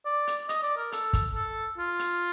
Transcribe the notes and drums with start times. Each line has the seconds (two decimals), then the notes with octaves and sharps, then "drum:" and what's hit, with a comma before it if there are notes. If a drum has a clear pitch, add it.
0.06 D5
0.27 drum: hi-hat
0.49 D#5, drum: hi-hat
0.63 D5
0.77 A#4
0.92 A4, drum: hi-hat
1.13 drum: kick, hi-hat
1.35 A4
1.78 F4
1.99 drum: hi-hat